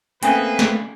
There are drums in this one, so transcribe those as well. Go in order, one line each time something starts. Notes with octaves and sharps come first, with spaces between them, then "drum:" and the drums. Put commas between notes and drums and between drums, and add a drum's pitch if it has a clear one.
A3 A#3 C4 C#4 G#4 B4 G#5 D#6, drum: hi-hat
drum: snare